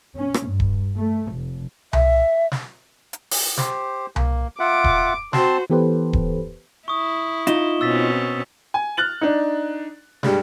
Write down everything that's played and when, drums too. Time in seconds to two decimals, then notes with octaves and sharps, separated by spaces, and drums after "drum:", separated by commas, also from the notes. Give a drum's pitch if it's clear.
0.17 C#4
0.34 drum: rim click
0.47 G2
0.60 drum: kick D#1
0.97 A3
1.32 F1
1.93 E5, drum: tom C2
2.52 drum: snare
3.13 drum: hi-hat
3.31 drum: open hi-hat
3.57 G4 C5, drum: snare
4.16 A#3, drum: tom C2
4.59 F4 E5 F#5 D6
4.84 drum: kick D#1
5.33 C4 F#4 C5 A5 C6, drum: snare
5.70 E3 B3 G4 A4 B4 C5
6.13 drum: kick D#1
6.88 E4 C#6 D#6
7.47 D#4 F4 E7 G7, drum: hi-hat
7.81 B2 C4 C#4 E6 A6 B6
8.74 G#5
8.97 F6 F#6 A6 F#7
9.21 D4 D#4
10.23 G2 G3 G#3, drum: snare